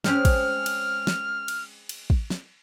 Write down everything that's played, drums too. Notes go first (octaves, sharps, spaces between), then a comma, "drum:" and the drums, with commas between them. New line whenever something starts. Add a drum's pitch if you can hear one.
G#3 C4 C#4 F6, drum: snare
drum: kick, cymbal
drum: cymbal
drum: snare
drum: cymbal
drum: cymbal
drum: kick
drum: snare